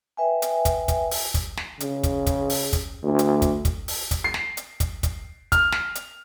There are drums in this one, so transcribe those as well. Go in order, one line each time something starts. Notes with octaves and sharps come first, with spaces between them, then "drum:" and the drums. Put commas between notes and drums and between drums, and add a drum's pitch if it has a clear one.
B4 E5 G5 G#5
drum: hi-hat
drum: kick, hi-hat
drum: kick, hi-hat
drum: open hi-hat
drum: kick, hi-hat
drum: snare
C#3, drum: hi-hat
drum: kick, hi-hat
drum: kick, hi-hat
drum: open hi-hat
drum: kick, hi-hat
D2
drum: hi-hat
drum: kick, hi-hat
drum: kick, hi-hat
drum: open hi-hat
drum: kick, hi-hat
C7
drum: snare
drum: hi-hat
drum: kick, hi-hat
drum: kick, hi-hat
F6, drum: kick, hi-hat
drum: snare
drum: hi-hat